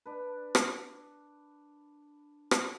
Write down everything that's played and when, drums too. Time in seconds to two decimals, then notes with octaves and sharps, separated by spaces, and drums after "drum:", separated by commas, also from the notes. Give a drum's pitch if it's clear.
0.06 D4 B4
0.55 drum: rim click
2.51 drum: rim click